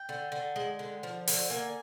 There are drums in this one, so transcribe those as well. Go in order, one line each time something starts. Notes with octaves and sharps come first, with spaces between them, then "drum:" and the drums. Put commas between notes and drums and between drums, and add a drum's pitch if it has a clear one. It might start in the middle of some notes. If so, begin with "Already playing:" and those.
Already playing: G5
D3
D3
G#3
D3
F3
D3, drum: open hi-hat
A#3 G#5